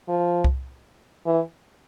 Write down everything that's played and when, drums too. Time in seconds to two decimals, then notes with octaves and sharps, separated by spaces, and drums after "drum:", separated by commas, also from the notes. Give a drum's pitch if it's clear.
0.09 F3
0.44 drum: kick C2
1.26 E3